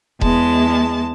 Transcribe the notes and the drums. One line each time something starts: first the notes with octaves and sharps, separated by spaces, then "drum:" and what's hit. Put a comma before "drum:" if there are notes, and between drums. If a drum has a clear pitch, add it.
E2 G#3 A5, drum: kick E1